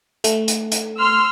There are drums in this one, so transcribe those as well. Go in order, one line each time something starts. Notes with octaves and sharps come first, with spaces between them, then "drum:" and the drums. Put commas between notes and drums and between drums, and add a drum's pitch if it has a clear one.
A3, drum: hi-hat
drum: hi-hat
drum: hi-hat
C6 E6 F6